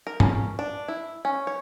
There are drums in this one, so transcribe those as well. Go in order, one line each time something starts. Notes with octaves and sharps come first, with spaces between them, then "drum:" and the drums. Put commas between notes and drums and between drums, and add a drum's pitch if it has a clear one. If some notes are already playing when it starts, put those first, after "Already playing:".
A#4
C#4, drum: tom G#2
D4
E4
C#4
C#5